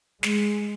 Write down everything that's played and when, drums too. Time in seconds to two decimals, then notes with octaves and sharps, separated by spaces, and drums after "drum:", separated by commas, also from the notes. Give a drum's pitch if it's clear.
0.23 G#3, drum: snare